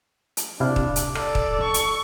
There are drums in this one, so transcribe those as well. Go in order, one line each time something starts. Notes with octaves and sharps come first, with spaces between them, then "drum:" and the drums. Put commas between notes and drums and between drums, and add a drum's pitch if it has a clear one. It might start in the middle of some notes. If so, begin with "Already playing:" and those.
drum: hi-hat
C3 D4 E4 F5
drum: kick
drum: hi-hat
A4 D5, drum: rim click
drum: kick
C#6
drum: hi-hat